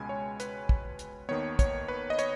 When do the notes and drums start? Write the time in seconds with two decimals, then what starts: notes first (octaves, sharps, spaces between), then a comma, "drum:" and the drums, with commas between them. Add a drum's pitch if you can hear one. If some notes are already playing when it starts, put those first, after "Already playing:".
Already playing: C#2 B2 G#3 C#4 G#5 B5
0.09 C#5
0.40 B4, drum: hi-hat
0.69 drum: kick
0.99 drum: hi-hat
1.29 D#2 D#3 B3 C#5
1.59 C#5, drum: kick, hi-hat
1.88 B4
2.10 D#5
2.19 C#5, drum: hi-hat